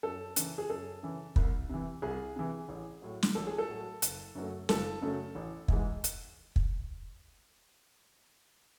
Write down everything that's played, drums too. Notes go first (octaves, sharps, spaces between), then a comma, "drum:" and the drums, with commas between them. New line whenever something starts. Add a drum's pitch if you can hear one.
F#2 A4
C#3 E3, drum: hi-hat
G#4
F#2 A4
C#3 E3
C2, drum: kick
C3 E3
C2 G#4
C3 E3
A1
A2 F#3
drum: snare
A1 A4
G#4
A4
A2 F#3
F#1, drum: hi-hat
F#2 C#3 F#3 A3
F#1 A4, drum: snare
F#2 C#3 F#3 A3
A1
G#2 E3 G#3, drum: kick
drum: hi-hat
drum: kick